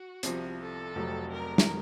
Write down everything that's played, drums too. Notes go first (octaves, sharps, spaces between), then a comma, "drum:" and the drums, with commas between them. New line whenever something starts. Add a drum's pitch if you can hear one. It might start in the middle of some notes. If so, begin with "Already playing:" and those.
Already playing: F#4
C2 C3 F3, drum: hi-hat
A4
F1 F2 C3 F#3 A3
A#4
drum: snare